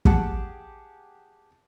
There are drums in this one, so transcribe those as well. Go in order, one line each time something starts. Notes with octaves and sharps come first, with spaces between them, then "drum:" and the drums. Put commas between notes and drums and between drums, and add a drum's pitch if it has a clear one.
G4 G#4 F#5 A5, drum: kick